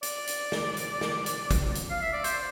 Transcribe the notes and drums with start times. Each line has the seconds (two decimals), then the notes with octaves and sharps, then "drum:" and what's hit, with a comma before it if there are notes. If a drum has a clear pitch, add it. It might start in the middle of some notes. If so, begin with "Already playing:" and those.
0.03 D5, drum: hi-hat
0.27 drum: hi-hat
0.52 drum: snare
0.77 drum: hi-hat
1.01 drum: snare
1.26 drum: hi-hat
1.51 drum: kick, hi-hat
1.75 drum: hi-hat
1.90 F5
2.02 E5
2.13 D5
2.24 C5, drum: hi-hat